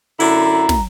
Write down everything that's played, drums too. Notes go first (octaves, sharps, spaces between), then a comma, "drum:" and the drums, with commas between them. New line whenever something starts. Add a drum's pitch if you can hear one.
F#2 D3 E4 A#5, drum: open hi-hat
drum: snare